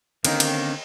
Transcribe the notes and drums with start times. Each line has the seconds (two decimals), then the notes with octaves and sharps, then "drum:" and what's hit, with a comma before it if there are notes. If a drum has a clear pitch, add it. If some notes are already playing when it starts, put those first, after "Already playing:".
0.25 D3 D#3 A#3 C4 C#4, drum: cymbal
0.40 drum: cymbal